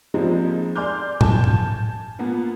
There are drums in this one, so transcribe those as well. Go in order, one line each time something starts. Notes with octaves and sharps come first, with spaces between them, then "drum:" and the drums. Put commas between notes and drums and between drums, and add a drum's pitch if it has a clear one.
F3 G3 G#3 A#3 C4 D#4
D5 G#5 C6 D6 F6 G6
G#5 A5 G6, drum: tom A2
drum: tom G#2
A#3 B3 F4